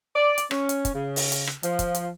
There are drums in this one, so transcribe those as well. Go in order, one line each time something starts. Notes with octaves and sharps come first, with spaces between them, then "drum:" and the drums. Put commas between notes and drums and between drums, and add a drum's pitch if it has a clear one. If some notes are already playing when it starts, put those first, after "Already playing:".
D5
drum: hi-hat
C#4, drum: rim click
drum: hi-hat
drum: kick, hi-hat
C#3
drum: open hi-hat
drum: hi-hat
drum: rim click
F3, drum: hi-hat
drum: kick, hi-hat
drum: hi-hat